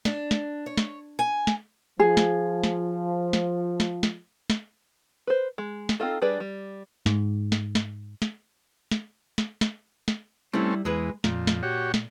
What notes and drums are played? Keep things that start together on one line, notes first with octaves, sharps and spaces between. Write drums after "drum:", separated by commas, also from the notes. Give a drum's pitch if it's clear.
D4, drum: snare
drum: snare
C#5
drum: snare
G#5
drum: snare
F3 G#4
drum: snare
drum: snare
drum: snare
drum: snare
drum: snare
drum: snare
B4 C5
G#3
drum: snare
C4 D#4 F4 A4
G3 D4 G#4 B4 D5
G3
G#2, drum: snare
drum: snare
drum: snare
drum: snare
drum: snare
drum: snare
drum: snare
drum: snare
G3 A3 C4 C#4 E4
E2 G#3 G#4 B4
F2 A#2, drum: snare
drum: snare
F#4 G4 C#5
drum: snare